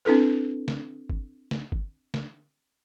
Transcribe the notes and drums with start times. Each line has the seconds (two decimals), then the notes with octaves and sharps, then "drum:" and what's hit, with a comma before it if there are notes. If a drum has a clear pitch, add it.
0.05 C4 D4 E4 A4 B4
0.68 drum: snare
1.10 drum: kick
1.51 drum: snare
1.72 drum: kick
2.14 drum: snare